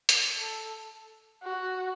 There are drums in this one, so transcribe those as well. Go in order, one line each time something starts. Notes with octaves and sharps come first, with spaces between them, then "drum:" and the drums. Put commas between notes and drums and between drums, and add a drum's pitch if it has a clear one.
drum: hi-hat
A4
F#4